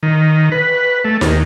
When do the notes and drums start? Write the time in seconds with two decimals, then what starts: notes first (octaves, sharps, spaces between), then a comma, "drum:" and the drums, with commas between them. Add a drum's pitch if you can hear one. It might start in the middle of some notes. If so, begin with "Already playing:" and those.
0.03 D#3
0.52 B4
1.05 A3
1.21 D#2, drum: snare D#4